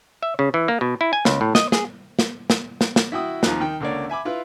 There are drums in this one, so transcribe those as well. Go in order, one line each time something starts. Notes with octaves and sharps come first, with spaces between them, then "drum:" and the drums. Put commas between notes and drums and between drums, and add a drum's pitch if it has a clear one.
E5
C#3
E3
A#3
B2
E4
G#5
C#2, drum: snare
A2
D#5, drum: snare
G#4, drum: snare
drum: snare
drum: snare
drum: snare
drum: snare
E4 F#4 G5 D#6
D#2 F3 C4 D#4 A#5 F#6, drum: snare
D#3 G5
C#2 D3 A#3 C#5 D5
E5 G#5 B5 D6
E4 F4 B4 F5